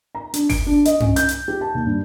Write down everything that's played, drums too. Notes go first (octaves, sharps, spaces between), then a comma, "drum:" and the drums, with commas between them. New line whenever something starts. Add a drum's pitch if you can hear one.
A#5
D4, drum: hi-hat
D7, drum: kick G1, open hi-hat
D4
D#5, drum: hi-hat
C#4, drum: tom G2
G6, drum: hi-hat
drum: hi-hat
G4
A5
D#2
G2